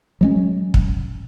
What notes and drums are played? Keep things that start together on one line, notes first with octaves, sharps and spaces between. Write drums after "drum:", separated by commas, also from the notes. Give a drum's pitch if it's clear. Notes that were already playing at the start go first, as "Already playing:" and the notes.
F#3 G#3 C#4
drum: kick